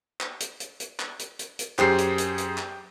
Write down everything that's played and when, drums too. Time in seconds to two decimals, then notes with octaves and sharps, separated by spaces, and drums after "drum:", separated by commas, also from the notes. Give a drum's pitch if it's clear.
0.21 drum: clap
0.40 drum: hi-hat
0.60 drum: hi-hat
0.80 drum: hi-hat
1.00 drum: clap
1.19 drum: hi-hat
1.39 drum: hi-hat
1.59 drum: hi-hat
1.79 F#2 G4 G#4 C5 C7, drum: clap
1.98 drum: hi-hat
2.18 drum: hi-hat
2.38 drum: hi-hat
2.58 drum: clap